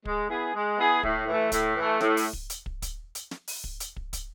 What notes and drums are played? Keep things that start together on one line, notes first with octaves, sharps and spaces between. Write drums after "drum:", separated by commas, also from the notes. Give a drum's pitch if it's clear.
G#3, drum: kick
B3 E4 G#4
G#3
B3 E4 G#4
A2, drum: kick
E3 A3
A2, drum: kick, hi-hat
E3 A3
A2, drum: snare
drum: open hi-hat
drum: kick
drum: hi-hat
drum: kick
drum: kick, hi-hat
drum: hi-hat
drum: snare
drum: open hi-hat
drum: kick
drum: hi-hat
drum: kick
drum: kick, hi-hat